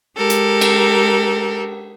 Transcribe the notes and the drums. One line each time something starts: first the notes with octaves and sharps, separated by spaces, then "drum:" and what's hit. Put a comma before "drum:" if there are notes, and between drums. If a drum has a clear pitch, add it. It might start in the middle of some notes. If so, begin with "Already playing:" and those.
G#3 G4 A4 A#4
drum: hi-hat
drum: cymbal